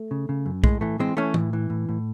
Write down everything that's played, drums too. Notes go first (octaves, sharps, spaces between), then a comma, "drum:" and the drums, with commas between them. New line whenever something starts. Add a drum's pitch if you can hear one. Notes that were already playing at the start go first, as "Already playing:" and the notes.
Already playing: A3
C#3
C#3
F#2
A2 G#3, drum: kick B1
E3 A3
E3 G#3 C4
E3 A3 C#4
A2, drum: tom
E3
A2
A2